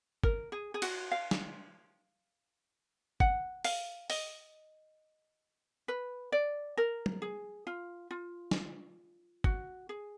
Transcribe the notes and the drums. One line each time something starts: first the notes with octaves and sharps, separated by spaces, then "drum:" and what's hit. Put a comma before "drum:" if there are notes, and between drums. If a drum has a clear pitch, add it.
A#4, drum: kick
G#4
G#4
F#4, drum: cymbal
F5
drum: snare
F#5, drum: kick
F5, drum: open hi-hat
D#5, drum: open hi-hat
B4
D5
A#4
drum: tom
G#4
F4
F4
drum: snare
F#4, drum: kick
G#4